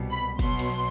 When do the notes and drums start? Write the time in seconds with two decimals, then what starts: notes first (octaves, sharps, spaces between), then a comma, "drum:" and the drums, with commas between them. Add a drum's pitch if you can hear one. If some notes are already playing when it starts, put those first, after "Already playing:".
Already playing: C2 B2 G3
0.11 B5
0.39 B1 B2 F#3 C6, drum: kick, cymbal
0.59 drum: cymbal